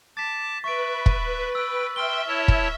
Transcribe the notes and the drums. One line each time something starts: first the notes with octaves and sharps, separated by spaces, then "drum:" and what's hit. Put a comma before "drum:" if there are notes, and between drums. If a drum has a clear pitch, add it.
A5 D6 A6 B6
B4 E5 C#6 D7
drum: kick
G5 E6
E5 G5 C6 F6 G7
E4 C#5 A5
drum: kick